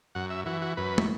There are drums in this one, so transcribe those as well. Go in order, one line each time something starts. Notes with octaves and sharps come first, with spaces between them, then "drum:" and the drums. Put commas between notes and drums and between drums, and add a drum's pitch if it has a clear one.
F#2 F#5
E5
E3 F#4
F#4
F#2 B4
drum: tom